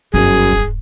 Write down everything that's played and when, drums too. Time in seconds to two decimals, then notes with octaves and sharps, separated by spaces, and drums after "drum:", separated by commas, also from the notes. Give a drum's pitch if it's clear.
0.14 G1 F#2 G#4
0.53 drum: kick D#1